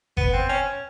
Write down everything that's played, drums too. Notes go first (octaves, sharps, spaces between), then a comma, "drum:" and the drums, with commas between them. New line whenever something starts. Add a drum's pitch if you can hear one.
B3, drum: kick G1
C4
C#4